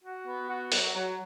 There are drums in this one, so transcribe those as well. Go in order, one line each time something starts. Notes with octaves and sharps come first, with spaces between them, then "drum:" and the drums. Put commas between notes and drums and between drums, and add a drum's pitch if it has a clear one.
F#4
B3
F#4
F#3, drum: open hi-hat
F#3